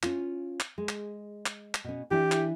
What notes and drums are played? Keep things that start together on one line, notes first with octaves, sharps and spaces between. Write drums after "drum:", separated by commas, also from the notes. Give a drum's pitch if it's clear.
C#4 F4, drum: clap
drum: clap
G#3
drum: clap
drum: clap
drum: clap
B2 C#4
E3 D4 E4 G4
drum: clap